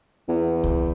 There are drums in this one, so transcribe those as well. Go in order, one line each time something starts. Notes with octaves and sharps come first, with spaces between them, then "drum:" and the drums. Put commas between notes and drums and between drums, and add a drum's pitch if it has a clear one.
E2
drum: kick C2